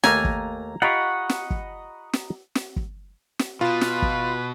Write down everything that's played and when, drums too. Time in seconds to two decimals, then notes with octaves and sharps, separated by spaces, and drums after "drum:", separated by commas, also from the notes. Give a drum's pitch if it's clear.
0.04 D#2 A3 A#3 G#5 A#5, drum: snare
0.25 drum: kick
0.82 F4 G4 D#5 F5 F#5 A#5 B5 C#6
1.29 drum: snare
1.50 drum: kick
2.13 drum: snare
2.55 drum: snare
2.76 drum: kick
3.39 drum: snare
3.61 B2 F4 B4
3.81 drum: snare
4.02 drum: kick